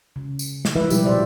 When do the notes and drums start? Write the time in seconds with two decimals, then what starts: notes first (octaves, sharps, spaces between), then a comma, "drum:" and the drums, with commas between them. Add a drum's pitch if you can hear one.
0.16 C#3
0.39 drum: tambourine
0.65 drum: snare
0.76 F3 G#3 E4 B4 E5
0.90 B2 F3 G3 D#4 G4, drum: tambourine
1.05 A#2 F#3 G4 C5 D5 E5